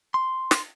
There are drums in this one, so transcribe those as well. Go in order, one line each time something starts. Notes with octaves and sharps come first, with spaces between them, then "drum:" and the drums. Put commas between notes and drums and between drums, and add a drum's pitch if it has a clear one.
C6
drum: snare